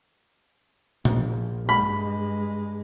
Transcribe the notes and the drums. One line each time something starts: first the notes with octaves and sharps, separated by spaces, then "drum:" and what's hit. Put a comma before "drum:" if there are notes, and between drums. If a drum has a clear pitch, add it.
A#1, drum: tom A#2
G2 G#3 B5